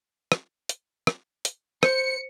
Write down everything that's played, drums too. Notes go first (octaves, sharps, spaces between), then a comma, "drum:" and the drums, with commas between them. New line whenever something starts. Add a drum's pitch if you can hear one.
drum: rim click
drum: hi-hat
drum: rim click
drum: hi-hat
C5 C#7, drum: rim click